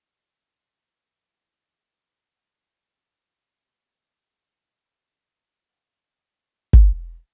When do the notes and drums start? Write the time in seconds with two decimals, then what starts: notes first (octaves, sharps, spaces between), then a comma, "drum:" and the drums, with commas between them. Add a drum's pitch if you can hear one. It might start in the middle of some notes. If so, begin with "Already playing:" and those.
0.25 E6
0.59 C5 E5
1.29 E3
1.93 G6
3.65 G3 A3 B3
5.68 F2 F#4 C5 F5 G5
6.73 drum: kick